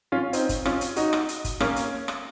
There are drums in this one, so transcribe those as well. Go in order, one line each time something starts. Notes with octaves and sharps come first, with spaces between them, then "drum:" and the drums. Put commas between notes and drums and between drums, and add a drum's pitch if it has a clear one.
C#4 F4
C4 D#4, drum: hi-hat
drum: kick, hi-hat
C#4 F4, drum: rim click
drum: hi-hat
D#4 F#4, drum: hi-hat
drum: rim click
drum: hi-hat
drum: kick, hi-hat
A#3 C#4, drum: rim click
drum: hi-hat
drum: rim click